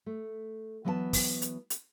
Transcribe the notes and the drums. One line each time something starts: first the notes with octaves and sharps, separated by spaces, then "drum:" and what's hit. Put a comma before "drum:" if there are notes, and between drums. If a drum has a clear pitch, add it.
A3
E3 F#3 B3 B4 F#5 A5
drum: kick, open hi-hat
drum: hi-hat
drum: hi-hat